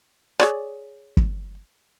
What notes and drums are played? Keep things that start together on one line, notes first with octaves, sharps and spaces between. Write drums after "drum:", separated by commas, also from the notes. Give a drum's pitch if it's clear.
G#4 C#5 D5, drum: rim click
drum: kick